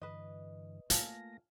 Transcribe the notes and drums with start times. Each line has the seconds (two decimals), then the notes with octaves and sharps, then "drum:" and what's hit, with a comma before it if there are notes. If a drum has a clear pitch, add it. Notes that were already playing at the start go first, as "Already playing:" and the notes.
0.02 G2 D3 E3 B4 D#5
0.90 A3 A#3 F4 F5 G#5 A5 A#6, drum: hi-hat